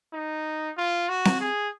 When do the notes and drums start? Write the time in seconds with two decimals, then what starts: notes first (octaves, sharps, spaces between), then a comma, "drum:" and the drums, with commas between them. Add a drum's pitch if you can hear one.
0.13 D#4
0.77 F4
1.09 F#4
1.25 drum: snare C4
1.40 G#4